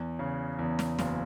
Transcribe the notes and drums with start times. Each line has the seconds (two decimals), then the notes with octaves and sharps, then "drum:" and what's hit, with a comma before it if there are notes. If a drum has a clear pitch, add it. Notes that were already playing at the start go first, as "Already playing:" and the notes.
Already playing: E2
0.19 C#3
0.59 E2
0.79 drum: snare
0.99 F#1, drum: snare